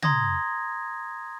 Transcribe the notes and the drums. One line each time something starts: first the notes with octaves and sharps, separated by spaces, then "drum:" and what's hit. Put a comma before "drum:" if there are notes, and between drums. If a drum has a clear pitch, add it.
A#5 C6 D#6 G#6 A#6, drum: tom